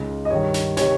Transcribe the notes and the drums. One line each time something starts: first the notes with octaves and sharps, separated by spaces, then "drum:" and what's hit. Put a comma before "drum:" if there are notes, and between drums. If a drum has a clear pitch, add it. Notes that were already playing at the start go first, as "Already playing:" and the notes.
Already playing: C#2 C#3 D#4
D#5
G2 D#3 C#5
drum: snare
C3 D#3 C#5, drum: snare